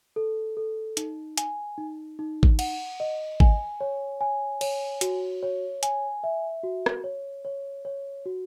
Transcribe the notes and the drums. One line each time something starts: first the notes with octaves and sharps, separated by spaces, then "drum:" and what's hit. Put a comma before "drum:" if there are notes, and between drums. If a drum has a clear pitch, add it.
A4
A4
D#4, drum: hi-hat
G#5, drum: hi-hat
D#4
D#4
drum: kick
F#5, drum: cymbal
D#5
G#5, drum: kick
C#5
G#5
C#5, drum: cymbal
F#4, drum: hi-hat
C#5
G#5, drum: hi-hat
E5
F#4
drum: rim click
C#5
C#5
C#5
F#4